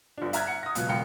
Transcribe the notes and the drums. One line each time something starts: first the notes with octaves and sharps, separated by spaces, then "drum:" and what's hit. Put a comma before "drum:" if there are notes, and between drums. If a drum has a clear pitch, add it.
G1 D4
E5 G#5 A#5 F6 F#6 G#6, drum: hi-hat
F#5 C#7
D#6 A#6
C#2 B2 F#3 F#6, drum: hi-hat
E1 F5 G5 C#7